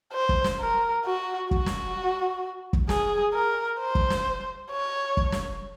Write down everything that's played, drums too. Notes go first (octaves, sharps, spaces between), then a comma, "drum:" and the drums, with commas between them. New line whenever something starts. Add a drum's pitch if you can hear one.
C5
drum: kick
drum: snare
A#4
F#4
F#4, drum: kick
drum: snare
drum: kick
G#4, drum: snare
A#4
C5
drum: kick
drum: snare
C#5
drum: kick
drum: snare